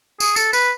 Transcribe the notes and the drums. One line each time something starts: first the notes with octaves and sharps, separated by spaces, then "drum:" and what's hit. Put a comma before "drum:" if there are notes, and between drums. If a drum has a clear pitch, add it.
G#4, drum: tambourine
A4, drum: tambourine
B4, drum: tambourine